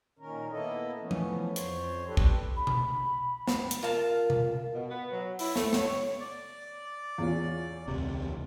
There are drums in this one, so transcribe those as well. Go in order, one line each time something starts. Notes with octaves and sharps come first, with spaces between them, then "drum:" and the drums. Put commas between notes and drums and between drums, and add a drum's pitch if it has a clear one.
A#2 D#3 C#4 A#4
A#3 B3 E4 A4 D#5
E3 F3 A3 B3 C#4
drum: tom F3
F2 C5 C#5, drum: hi-hat
D4 G4 A4 B4
drum: kick
B5
drum: tom B2
drum: snare
drum: hi-hat
F4 A#4 A5
drum: tom B2
B2
B3
F#3
E4, drum: open hi-hat
A3, drum: snare
C#5, drum: snare
D5
E2 C#4 F4
E1 C#2 C3